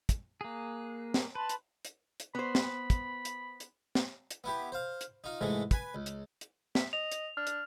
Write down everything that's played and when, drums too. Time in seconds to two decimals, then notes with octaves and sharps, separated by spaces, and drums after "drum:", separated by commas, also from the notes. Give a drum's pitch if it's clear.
0.09 drum: kick, hi-hat
0.41 A#3 G#4 F#6
1.14 drum: snare
1.35 B4 A5 B5 C6
1.49 drum: hi-hat
1.85 drum: hi-hat
2.20 drum: hi-hat
2.35 B3 C5 B5
2.55 drum: snare
2.90 drum: kick, hi-hat
3.25 drum: hi-hat
3.60 drum: hi-hat
3.95 drum: snare
4.31 drum: hi-hat
4.44 B3 E4 G4
4.72 C5 F5
5.01 drum: hi-hat
5.24 D#4 F4
5.41 G#2 C3 E3 G#3 A3
5.71 B4 G#5, drum: kick, hi-hat
5.95 C#2
6.06 drum: hi-hat
6.41 drum: hi-hat
6.75 E5, drum: snare
6.93 D#5 F7
7.12 drum: hi-hat
7.37 D4 F6
7.47 drum: hi-hat